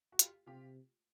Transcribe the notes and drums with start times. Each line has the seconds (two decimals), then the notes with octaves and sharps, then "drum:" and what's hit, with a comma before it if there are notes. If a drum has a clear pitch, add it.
0.12 F#4
0.19 F4 G4, drum: hi-hat
0.46 C3 F4 G4